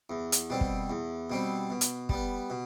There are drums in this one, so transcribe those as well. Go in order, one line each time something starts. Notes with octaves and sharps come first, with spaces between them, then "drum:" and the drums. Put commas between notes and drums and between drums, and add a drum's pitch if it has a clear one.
E2
drum: hi-hat
B2 G3 C4
drum: kick
E2
B2 G3 C4
B2
drum: hi-hat
G3 B3, drum: kick
B2